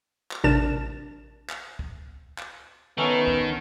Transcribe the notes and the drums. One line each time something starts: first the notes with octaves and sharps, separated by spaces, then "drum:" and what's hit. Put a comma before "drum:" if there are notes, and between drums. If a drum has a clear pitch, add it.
drum: clap
A1 C3 D4 A#4 A6 E7
drum: clap
drum: kick
drum: clap
D#3 A3 B3 C#4
drum: kick